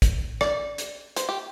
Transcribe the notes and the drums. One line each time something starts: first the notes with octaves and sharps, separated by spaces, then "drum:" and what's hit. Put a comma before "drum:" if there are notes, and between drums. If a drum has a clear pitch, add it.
drum: kick, hi-hat
D5, drum: rim click
drum: hi-hat
C5, drum: hi-hat
G4